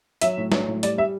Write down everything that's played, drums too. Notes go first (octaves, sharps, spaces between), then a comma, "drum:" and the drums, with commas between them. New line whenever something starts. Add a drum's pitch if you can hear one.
F#3 E5, drum: hi-hat
A2
F#3, drum: snare
A2
G3 D5, drum: hi-hat
G3 E5